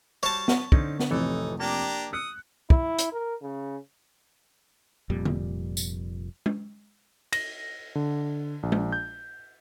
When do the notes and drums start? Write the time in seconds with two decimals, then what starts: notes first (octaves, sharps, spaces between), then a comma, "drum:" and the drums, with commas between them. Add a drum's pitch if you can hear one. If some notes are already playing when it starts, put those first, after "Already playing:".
0.23 G3 F#4 C5 C#5 A5
0.48 drum: snare
0.72 D3 C4 C#4 D#4, drum: kick
1.00 drum: snare
1.11 A1 F2 C3 E3 A3 D#4 A4
1.60 A#3 D4 G4 A#5
2.13 D#6 E6 F#6 C#7
2.70 E4, drum: kick
2.99 drum: hi-hat
3.12 A#4
3.42 C#3
5.10 F1 F2 A#2 G3
5.25 drum: tom D3
5.77 drum: tambourine
6.46 drum: tom G#3
7.33 A#6, drum: cymbal
7.95 D3
8.63 A#1
8.72 drum: tom G#3
8.92 G6